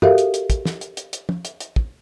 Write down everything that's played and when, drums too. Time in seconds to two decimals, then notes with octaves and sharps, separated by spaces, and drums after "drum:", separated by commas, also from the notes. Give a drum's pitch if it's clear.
0.02 F#4 G4 A4 A#4 E5 F5, drum: tom
0.18 drum: hi-hat
0.34 drum: hi-hat
0.50 drum: kick, hi-hat
0.65 drum: snare
0.81 drum: hi-hat
0.97 drum: hi-hat
1.13 drum: hi-hat
1.29 drum: tom
1.45 drum: hi-hat
1.60 drum: hi-hat
1.76 drum: kick